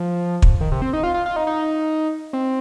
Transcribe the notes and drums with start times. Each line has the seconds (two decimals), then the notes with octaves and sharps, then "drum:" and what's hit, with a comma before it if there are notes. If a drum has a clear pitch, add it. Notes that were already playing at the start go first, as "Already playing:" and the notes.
Already playing: F3
0.42 drum: kick
0.61 D#3
0.72 C3
0.82 C4
0.93 D#4
1.03 F4
1.14 F4
1.26 F4
1.36 D#4
1.47 D#4
2.33 C4